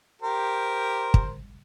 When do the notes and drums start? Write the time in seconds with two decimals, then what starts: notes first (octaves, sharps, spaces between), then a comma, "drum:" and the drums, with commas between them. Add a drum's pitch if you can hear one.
0.22 G4 A#4 C5
1.14 drum: kick